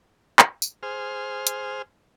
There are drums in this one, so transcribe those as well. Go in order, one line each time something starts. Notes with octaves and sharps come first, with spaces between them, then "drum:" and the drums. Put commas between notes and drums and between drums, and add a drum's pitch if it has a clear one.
drum: clap
drum: tambourine
G#4 C5 F6
drum: hi-hat